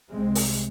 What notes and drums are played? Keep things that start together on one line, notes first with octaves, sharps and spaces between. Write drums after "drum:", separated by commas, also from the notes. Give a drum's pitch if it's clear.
C2 C3 G#3 C4
drum: open hi-hat